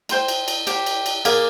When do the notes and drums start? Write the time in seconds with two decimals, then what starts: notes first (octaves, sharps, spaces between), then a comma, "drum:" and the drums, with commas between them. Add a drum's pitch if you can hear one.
0.09 C5 G5 C6, drum: cymbal
0.28 drum: cymbal
0.48 drum: cymbal
0.67 G4 C5 G5, drum: cymbal
0.86 drum: cymbal
1.06 drum: cymbal
1.25 A#3 G#4 D5 F5, drum: cymbal